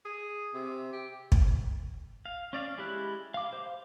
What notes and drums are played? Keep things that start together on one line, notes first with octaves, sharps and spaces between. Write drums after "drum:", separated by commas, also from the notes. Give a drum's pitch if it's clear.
G#4
C3
G4
drum: kick
F5
C#4 D5 F5
G#3 E4 G4 B5 F#6
F5 D6
C5 F5